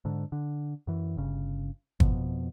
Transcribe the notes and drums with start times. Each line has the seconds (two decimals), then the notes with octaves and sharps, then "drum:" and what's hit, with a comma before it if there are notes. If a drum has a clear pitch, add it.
0.05 G#2 D3
0.32 D3
0.87 F#2 E3
1.17 G1 C#3
2.00 F2 B2, drum: kick G1